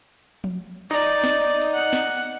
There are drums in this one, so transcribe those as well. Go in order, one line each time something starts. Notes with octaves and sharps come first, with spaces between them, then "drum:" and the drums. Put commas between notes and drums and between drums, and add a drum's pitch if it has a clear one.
drum: tom F3
D#4 D5
drum: snare
drum: open hi-hat
F#5
drum: snare